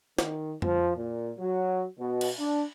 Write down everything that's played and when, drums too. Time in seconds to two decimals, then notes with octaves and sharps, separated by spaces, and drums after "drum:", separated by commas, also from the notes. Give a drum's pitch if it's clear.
0.19 D#3, drum: snare
0.62 F3, drum: tom F2
0.96 A#2
1.37 F#3
1.98 B2
2.21 drum: cymbal
2.37 D4